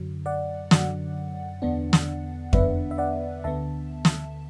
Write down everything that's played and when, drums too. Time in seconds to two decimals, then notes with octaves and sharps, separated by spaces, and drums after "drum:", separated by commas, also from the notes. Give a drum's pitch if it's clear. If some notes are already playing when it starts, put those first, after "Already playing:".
Already playing: F#2 D3 F#3
0.26 D5 F#5
0.71 F#2 D3 F#3 D5 F#5, drum: snare
1.62 E2 D3 B3 D4
1.93 drum: snare
2.53 E2 D3 B3 D4 B4 E5, drum: kick F2
2.91 E5
2.98 D5 F#5
3.44 D2 D3 B3 E5 A5
4.05 drum: snare